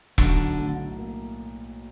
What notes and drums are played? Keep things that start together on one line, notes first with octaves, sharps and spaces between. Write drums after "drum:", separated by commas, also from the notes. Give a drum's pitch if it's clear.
B1 D3, drum: kick E1
A2
A#3